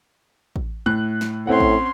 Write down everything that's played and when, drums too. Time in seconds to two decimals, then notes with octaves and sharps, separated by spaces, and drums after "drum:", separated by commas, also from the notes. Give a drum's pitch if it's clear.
0.56 drum: kick A1
0.86 A2 F#6
1.21 drum: snare
1.47 A2 C4 C#4 F#5 C6
1.60 drum: kick A1